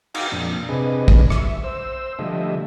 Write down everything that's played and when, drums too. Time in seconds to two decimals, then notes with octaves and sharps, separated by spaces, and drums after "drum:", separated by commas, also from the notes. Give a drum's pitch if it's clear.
0.14 D#4 F#4 F5 G5 A#5 D6, drum: cymbal
0.32 F2 A#2 D4
0.69 C3 D4 G#4 B4 D#5
1.08 drum: kick
1.30 E5, drum: rim click
1.64 C5 E6
2.19 D3 F3 G3 A3 D#5 E5